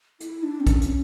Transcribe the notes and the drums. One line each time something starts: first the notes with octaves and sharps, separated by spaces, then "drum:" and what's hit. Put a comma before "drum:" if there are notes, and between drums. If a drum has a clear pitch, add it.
E4, drum: hi-hat
D4
C4
C#4, drum: kick, hi-hat
drum: hi-hat